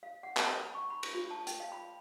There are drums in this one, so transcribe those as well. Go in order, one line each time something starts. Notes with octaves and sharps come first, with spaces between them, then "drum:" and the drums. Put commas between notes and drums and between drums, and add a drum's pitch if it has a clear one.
F5
F#5
A5, drum: clap
B5
C#6
B5
drum: cymbal
F4
A5
G5, drum: hi-hat
F5
B5